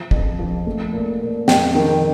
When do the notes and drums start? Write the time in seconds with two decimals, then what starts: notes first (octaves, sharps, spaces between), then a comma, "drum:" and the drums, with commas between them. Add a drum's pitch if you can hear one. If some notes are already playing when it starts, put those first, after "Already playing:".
Already playing: F3
0.11 F2, drum: kick
0.39 F3
0.67 A3
0.93 A#2
1.21 A#2
1.48 F2 G5, drum: snare
1.75 D#3